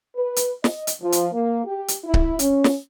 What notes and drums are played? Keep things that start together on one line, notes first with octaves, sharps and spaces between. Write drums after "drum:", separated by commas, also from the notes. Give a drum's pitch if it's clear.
B4
drum: hi-hat
D#5, drum: snare
drum: hi-hat
F3
drum: hi-hat
A#3
G4
drum: hi-hat
E4
drum: kick C#1
C#4, drum: hi-hat
drum: snare